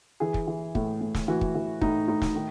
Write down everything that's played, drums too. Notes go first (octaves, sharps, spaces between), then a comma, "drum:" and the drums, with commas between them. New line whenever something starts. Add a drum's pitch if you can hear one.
E3 G#4
drum: kick
E3
A2, drum: kick
A2
drum: snare
E3 F#4
drum: kick
E3
A2 D#4, drum: kick
A2 D#4
drum: snare
D#3